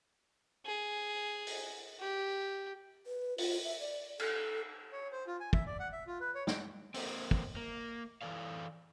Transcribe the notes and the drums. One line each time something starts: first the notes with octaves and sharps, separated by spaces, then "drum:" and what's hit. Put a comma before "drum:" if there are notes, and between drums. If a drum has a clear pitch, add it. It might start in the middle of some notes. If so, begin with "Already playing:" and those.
G#4
drum: open hi-hat
G4
B4
F4, drum: open hi-hat
E5
D5
A4, drum: cymbal
C#5
C5
F4
G#5
E5, drum: kick
D5
F#5
E5
F4
B4
C#5
G5, drum: snare
A#3 C4, drum: open hi-hat
drum: kick
A#3
E3 E4 A4 D5 F5